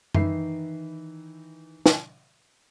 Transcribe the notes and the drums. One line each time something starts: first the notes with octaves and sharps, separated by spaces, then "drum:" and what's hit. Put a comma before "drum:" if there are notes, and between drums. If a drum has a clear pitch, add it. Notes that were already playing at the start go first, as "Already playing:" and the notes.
D#3 E3 D#4 E5 B5 C7, drum: tom F#2
drum: snare